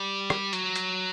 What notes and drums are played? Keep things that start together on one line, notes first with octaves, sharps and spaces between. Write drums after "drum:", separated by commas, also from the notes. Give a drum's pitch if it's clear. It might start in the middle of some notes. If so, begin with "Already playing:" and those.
Already playing: G3
drum: rim click
F#3, drum: hi-hat
drum: hi-hat